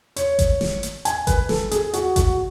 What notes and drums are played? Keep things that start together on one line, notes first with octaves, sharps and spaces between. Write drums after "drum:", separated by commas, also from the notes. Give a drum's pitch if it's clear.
C#5, drum: hi-hat
drum: kick G#1, hi-hat
drum: snare
drum: hi-hat
G#5, drum: hi-hat
B4, drum: kick G#1, hi-hat
A4, drum: snare
G#4, drum: hi-hat
F#4, drum: hi-hat
F#4, drum: kick G#1, hi-hat